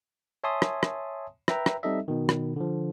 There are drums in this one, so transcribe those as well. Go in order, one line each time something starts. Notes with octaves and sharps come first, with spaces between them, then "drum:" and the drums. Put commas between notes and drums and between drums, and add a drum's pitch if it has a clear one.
C#5 E5 G#5 A5 C6 D#6
drum: rim click
drum: rim click
B4 E5 G5 A#5, drum: rim click
drum: rim click
G3 C4 D#4 A4 D#5 E5
B2 D#3
drum: rim click
D3 F3